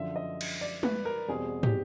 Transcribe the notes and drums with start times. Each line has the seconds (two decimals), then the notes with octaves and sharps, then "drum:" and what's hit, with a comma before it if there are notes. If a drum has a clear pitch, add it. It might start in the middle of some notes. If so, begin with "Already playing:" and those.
Already playing: F#2 D3 F3 E5
0.16 D#5
0.41 drum: cymbal
0.61 D5
0.83 B4, drum: tom
1.05 A#4
1.28 E2 B2 G3 C4 G#4
1.63 G4, drum: tom